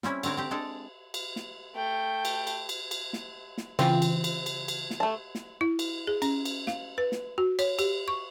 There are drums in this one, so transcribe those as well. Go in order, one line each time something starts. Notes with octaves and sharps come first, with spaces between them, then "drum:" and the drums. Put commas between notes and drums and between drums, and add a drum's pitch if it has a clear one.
G3 C4 C#4 E4, drum: snare
D3 A3 C4 A#4 C#5, drum: cymbal
C4 G4
G#3 D4 A4
drum: cymbal
drum: snare
A3 G5
drum: cymbal
drum: cymbal
drum: cymbal
drum: cymbal
drum: snare
drum: snare
C#3 E3 C4 F4, drum: cymbal
drum: cymbal
drum: cymbal
drum: cymbal
drum: cymbal
drum: snare
A3 A5
drum: snare
E4
drum: cymbal
G#4
C#4, drum: cymbal
drum: cymbal
F5, drum: snare
B4
drum: snare
F#4
C#5, drum: cymbal
G4, drum: cymbal
C#6